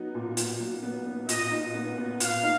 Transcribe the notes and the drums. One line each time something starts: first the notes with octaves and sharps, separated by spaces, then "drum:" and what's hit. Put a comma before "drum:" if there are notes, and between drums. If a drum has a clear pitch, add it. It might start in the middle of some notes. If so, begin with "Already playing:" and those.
Already playing: F#3 B3 D#4
A#2
A#2, drum: hi-hat
F#3
B3
B3
A#2 D#5, drum: hi-hat
D#4
B3
B3
A#2 F5, drum: hi-hat
D#4